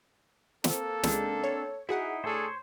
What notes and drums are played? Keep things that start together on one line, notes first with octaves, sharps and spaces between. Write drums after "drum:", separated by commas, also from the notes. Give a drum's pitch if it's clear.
A#3 C4 A4, drum: snare
C#2 C#3 G#3 C4 D4, drum: snare
C#5
D#4 E4 F#4 G#4 F#5
A2 D4 G#4 A4 C5 C#5